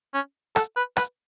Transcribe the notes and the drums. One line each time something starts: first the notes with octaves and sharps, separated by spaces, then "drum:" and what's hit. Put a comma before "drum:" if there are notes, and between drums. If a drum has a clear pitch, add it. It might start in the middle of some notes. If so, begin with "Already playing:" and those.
C#4
A4, drum: rim click
B4
B4, drum: rim click